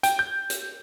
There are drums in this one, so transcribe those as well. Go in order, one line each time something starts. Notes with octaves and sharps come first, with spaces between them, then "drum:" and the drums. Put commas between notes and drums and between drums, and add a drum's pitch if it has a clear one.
G5, drum: hi-hat
G6
drum: hi-hat